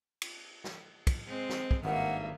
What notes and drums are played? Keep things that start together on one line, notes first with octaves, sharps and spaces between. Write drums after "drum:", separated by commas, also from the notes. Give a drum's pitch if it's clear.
drum: cymbal
drum: snare
drum: kick, cymbal
G#3 C4
drum: snare
drum: kick
G#1 G2 D#3 A#3 E5 F#5